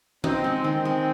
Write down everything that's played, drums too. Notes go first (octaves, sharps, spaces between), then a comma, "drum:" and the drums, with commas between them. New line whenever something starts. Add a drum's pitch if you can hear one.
C4 D#4, drum: tom
G#3
D#3 C4
G#3